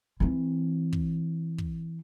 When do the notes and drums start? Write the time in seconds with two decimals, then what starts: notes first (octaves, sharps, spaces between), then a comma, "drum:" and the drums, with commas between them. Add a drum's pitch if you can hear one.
0.20 E3 C4
0.93 drum: kick
1.58 drum: kick